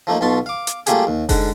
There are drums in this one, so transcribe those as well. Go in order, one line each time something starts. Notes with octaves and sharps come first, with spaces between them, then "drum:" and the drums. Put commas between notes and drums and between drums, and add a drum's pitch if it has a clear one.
F3 A3 A#3 D#4
B1 B2 F4 A5 C6 C#6
F5 D6
drum: hi-hat
G3 A3 A#3 F4 G4 G#4, drum: hi-hat
D#2
G#2 D3 F#5, drum: kick F1, open hi-hat